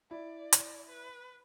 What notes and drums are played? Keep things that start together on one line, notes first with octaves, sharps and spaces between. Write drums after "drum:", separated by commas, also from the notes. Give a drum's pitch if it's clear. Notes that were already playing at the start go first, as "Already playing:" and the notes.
E4 D5
drum: hi-hat
B4